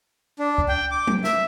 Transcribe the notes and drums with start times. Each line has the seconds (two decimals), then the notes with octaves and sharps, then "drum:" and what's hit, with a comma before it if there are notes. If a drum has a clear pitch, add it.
0.39 D4
0.58 drum: kick
0.68 G5
0.91 D6
1.07 drum: tom F#3
1.24 E5, drum: snare